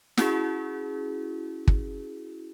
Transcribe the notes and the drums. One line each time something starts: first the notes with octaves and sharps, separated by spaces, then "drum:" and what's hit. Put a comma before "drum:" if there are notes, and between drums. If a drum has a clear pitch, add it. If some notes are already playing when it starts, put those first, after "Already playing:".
C#4 E4 F#4 G#4, drum: snare
drum: kick